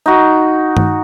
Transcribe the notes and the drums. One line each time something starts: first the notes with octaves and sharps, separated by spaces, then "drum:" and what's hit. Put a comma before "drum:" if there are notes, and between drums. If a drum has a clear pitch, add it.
D#4 F#4
drum: tom